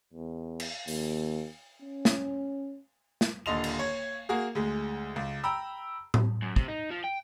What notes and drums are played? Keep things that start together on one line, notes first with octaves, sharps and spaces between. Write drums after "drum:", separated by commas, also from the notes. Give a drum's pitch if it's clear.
E2
drum: cymbal
D#2, drum: open hi-hat
C#4
drum: snare
drum: snare
D#1 D3 D#5 C6 F7
drum: cymbal
C#5
A#3 F#4 G#4
D2 G#3
C#2
G5 A#5 B5 E6
drum: tom A2
F#2
C3, drum: kick
D#4
F3
G5